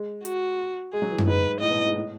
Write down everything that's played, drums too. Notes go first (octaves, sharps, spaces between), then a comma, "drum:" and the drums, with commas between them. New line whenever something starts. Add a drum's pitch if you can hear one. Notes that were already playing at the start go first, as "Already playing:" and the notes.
Already playing: G#3
F#4, drum: hi-hat
G#3 G#4
F#3
E3
A2, drum: tom F#2
G#2 B4
A2 D#5
B2
A2
G#2
A2